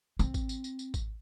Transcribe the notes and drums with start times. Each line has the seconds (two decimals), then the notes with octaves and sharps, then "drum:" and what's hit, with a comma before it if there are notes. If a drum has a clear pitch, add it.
0.19 C4, drum: tambourine
0.34 drum: kick G#1, tambourine
0.49 drum: tambourine
0.64 drum: tambourine
0.79 drum: tambourine
0.94 drum: kick G#1, tambourine